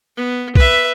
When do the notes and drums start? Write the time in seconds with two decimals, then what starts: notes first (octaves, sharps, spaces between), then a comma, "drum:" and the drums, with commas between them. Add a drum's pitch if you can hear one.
0.17 B3
0.55 B4 E5, drum: kick